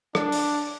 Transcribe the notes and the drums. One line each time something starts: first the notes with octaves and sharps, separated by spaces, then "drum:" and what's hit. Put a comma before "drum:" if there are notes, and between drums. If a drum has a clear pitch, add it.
D4, drum: rim click
drum: open hi-hat